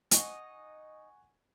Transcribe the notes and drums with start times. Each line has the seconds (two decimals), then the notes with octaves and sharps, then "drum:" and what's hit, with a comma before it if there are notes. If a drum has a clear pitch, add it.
0.11 D#4 D#5 F#5 G#5 C#6, drum: hi-hat